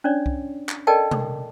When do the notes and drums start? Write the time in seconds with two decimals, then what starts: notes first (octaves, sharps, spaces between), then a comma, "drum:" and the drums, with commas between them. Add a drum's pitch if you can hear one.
0.04 C#4 D4 C#5 D5
0.26 drum: kick C2
0.69 drum: clap
0.87 A4 A#4 D5 D#5 G5 A5
1.11 drum: tom B2